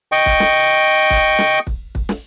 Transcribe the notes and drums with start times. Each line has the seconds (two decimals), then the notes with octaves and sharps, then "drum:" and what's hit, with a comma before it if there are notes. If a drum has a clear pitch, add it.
0.12 D#5 G5 C#6
0.26 drum: kick
0.40 drum: snare
1.10 drum: kick
1.39 drum: snare
1.67 drum: kick
1.95 drum: kick
2.09 drum: snare